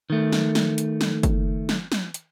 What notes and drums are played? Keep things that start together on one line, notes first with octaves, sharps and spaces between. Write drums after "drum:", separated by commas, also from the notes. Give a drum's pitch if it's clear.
D#3 A3
drum: snare
drum: snare
drum: hi-hat
drum: snare
drum: kick, hi-hat
drum: snare
drum: snare
drum: hi-hat